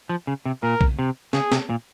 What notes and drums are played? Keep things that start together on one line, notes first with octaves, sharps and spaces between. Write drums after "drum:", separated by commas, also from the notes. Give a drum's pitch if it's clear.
F3
C#3
C3
A#2 A#4
drum: kick
C3
C#3 G#4, drum: snare
C3, drum: snare
A#2